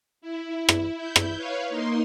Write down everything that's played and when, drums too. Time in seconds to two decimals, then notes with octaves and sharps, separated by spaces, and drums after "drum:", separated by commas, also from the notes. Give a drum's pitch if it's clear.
0.21 E4
0.69 drum: rim click
0.94 E4 G6
1.16 drum: rim click
1.36 B4 C#5 F5
1.70 A#3 D#4 C6